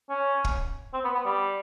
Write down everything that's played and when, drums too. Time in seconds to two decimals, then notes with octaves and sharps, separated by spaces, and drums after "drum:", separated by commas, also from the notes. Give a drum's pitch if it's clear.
0.10 C#4
0.45 drum: kick
0.94 C4
1.04 B3
1.15 B3
1.25 G3